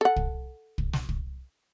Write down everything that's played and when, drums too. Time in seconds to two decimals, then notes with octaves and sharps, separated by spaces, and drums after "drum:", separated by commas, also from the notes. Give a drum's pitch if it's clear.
0.01 A4 F#5
0.16 drum: kick
0.78 drum: kick
0.93 drum: snare
1.09 drum: kick